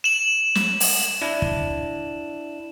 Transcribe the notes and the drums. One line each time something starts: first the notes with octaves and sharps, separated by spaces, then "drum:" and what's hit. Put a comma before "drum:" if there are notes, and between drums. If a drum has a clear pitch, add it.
E7 F#7
drum: snare
drum: open hi-hat
D4 E4
drum: kick